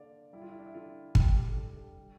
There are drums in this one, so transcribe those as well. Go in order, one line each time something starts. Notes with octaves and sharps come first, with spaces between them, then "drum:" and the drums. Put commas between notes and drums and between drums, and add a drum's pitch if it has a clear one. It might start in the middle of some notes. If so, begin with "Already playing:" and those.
Already playing: D3 A#3 D5 F5
G3 E4
F4
E4
D4
E4
D3 F4
G3 G4, drum: kick
G4
A4
D3 G4
A4
G3